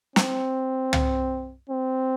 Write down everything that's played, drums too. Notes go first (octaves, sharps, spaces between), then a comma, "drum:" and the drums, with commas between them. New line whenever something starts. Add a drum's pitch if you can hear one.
C4, drum: snare
drum: tom
C4